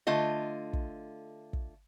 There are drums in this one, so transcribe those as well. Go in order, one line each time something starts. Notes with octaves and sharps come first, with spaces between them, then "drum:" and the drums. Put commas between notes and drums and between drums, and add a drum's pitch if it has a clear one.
D3 A3 F4 D#5
drum: kick
drum: kick